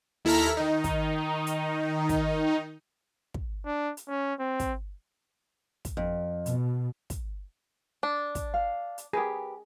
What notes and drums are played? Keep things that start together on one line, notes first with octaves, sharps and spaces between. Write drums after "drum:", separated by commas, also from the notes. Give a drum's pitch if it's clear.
D#2 E4 A4 A#5 F6 B6
D#3 D#4
drum: kick, hi-hat
drum: hi-hat
drum: kick, hi-hat
drum: kick
D4
drum: hi-hat
C#4
C4
drum: kick, hi-hat
drum: kick, hi-hat
F2
B2, drum: hi-hat
drum: kick, hi-hat
D4
drum: kick, hi-hat
F5
drum: hi-hat
G4 G#4 A#4 B4